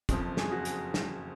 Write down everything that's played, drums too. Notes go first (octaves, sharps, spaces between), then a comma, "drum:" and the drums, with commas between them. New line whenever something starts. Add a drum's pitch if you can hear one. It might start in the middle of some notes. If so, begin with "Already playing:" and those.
F#1 F2 F3, drum: kick, hi-hat
G#4, drum: snare
F#4
G#4, drum: hi-hat
drum: snare